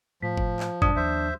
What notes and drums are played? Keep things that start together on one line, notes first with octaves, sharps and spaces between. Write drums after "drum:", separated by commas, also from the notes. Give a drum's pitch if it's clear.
A2 F3 B6
drum: kick G1
drum: clap
F#2 A#2 G3 D4 D#6, drum: kick G1
D#2 F3 C5 E5